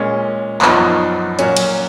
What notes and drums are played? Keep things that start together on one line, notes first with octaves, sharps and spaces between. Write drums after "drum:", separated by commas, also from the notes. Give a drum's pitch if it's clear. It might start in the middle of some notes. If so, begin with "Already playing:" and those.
Already playing: A#2 G#3 C#4
F#2 F3 B3 D#4, drum: clap
A#2 F#3 C#4, drum: hi-hat
drum: cymbal